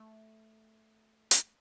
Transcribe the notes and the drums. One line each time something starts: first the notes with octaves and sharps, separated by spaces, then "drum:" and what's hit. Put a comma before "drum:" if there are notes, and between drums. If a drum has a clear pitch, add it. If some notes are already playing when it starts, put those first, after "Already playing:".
Already playing: A3
drum: hi-hat